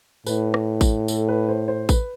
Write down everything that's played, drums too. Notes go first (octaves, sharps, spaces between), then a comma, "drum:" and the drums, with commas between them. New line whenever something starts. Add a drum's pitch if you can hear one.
A2 B4, drum: tambourine
drum: rim click
drum: kick A1, tambourine
A4, drum: tambourine
B4
C5
C5
B4, drum: kick A1, tambourine